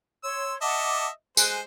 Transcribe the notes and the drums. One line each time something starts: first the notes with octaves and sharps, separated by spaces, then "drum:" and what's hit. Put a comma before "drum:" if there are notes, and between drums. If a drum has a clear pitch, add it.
C#5 C6 E6
D#5 E5 F#5 A5 D6
G#3 C5 G#5 F#6, drum: tambourine